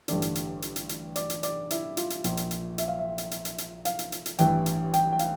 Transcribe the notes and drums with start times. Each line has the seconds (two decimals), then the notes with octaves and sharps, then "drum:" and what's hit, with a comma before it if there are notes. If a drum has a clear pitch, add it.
0.08 A1 G2 D3 D5, drum: hi-hat
0.22 drum: hi-hat
0.35 drum: hi-hat
0.62 drum: hi-hat
0.76 drum: hi-hat
0.89 drum: hi-hat
1.16 D5, drum: hi-hat
1.30 drum: hi-hat
1.43 D5, drum: hi-hat
1.71 E4, drum: hi-hat
1.97 F4, drum: hi-hat
2.10 drum: hi-hat
2.24 A#1 A#2, drum: hi-hat
2.37 drum: hi-hat
2.51 drum: hi-hat
2.78 E5, drum: hi-hat
2.88 F5
2.99 E5
3.18 drum: hi-hat
3.31 drum: hi-hat
3.45 drum: hi-hat
3.58 drum: hi-hat
3.85 F5, drum: hi-hat
3.99 drum: hi-hat
4.12 drum: hi-hat
4.26 drum: hi-hat
4.39 A1 G2 E3 G5, drum: hi-hat
4.66 drum: hi-hat
4.93 G5, drum: hi-hat
5.12 G5
5.19 F5, drum: hi-hat